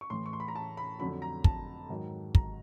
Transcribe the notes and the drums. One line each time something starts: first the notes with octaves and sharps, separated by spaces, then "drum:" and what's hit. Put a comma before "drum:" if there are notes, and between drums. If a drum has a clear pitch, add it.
C#6
A2 E3 C6
C#6
C6
B5
A#5
A5
B5
F2 D3 F#3 B5
A#5
A5, drum: kick
G#2 D#3 F#3
A#5, drum: kick